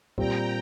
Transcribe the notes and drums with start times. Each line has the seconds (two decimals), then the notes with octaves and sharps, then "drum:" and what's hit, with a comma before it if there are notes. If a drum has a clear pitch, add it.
0.18 A#2 G3 C4 G5 A#5, drum: kick